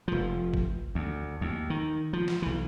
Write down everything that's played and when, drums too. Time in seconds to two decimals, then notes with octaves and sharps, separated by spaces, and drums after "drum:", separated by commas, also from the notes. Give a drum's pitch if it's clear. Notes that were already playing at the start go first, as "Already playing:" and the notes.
0.08 F1 F3
0.54 drum: kick G1
0.95 D2
1.41 D#2
1.70 D#3
2.13 F3
2.28 drum: snare
2.42 B1 E3